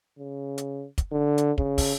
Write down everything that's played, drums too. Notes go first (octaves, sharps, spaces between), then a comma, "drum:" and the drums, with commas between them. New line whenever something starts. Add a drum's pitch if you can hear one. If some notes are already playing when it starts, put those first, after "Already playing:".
C#3
drum: hi-hat
drum: kick, hi-hat
D3
drum: hi-hat
C#3, drum: kick
drum: kick, open hi-hat